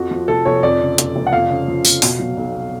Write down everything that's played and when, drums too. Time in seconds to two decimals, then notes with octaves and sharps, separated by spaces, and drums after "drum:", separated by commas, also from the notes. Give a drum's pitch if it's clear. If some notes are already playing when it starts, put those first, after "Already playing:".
Already playing: F2 F#4
0.11 F3
0.28 F1 A4
0.45 F1 C#5
0.63 F2 D5
0.81 C#3
0.98 F1, drum: hi-hat
1.16 F1
1.27 F#5
1.33 F2 F5
1.50 C#3
1.68 F3
1.85 F1, drum: tambourine
2.02 B2, drum: open hi-hat
2.19 F#3
2.37 B1